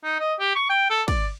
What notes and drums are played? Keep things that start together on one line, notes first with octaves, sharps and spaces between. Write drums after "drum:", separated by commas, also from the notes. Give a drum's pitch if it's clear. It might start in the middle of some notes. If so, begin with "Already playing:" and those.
D#4
D#5
G4
C#6
G5
A4
D5, drum: kick, cymbal